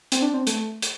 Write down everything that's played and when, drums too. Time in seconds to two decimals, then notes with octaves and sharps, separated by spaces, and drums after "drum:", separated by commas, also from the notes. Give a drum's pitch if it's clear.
0.12 C4, drum: hi-hat
0.22 D4
0.34 C4
0.47 A3, drum: hi-hat
0.82 drum: hi-hat